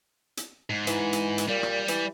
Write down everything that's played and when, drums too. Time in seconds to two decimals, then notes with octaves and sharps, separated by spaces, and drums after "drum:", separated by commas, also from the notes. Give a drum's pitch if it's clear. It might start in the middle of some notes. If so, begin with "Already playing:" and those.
0.37 drum: hi-hat
0.70 G#2
0.87 E3, drum: hi-hat
1.13 drum: hi-hat
1.38 drum: hi-hat
1.48 A#2 G3
1.63 drum: rim click
1.88 E3, drum: hi-hat